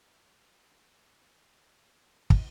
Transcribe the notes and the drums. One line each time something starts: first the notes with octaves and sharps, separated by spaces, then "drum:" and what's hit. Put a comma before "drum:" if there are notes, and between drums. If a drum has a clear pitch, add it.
A2
drum: kick